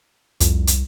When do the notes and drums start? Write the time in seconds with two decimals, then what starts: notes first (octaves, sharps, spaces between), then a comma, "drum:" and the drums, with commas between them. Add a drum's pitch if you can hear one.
0.40 C2 F2, drum: hi-hat
0.67 drum: hi-hat